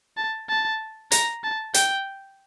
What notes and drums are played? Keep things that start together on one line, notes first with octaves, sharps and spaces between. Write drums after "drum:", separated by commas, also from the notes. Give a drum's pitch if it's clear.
A5
A5
A#5, drum: hi-hat
A5
G5, drum: hi-hat